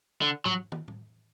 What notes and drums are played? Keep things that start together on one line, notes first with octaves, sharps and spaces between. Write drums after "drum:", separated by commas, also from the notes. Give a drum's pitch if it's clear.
D3
F#3, drum: tom G#2
drum: tom
drum: tom A2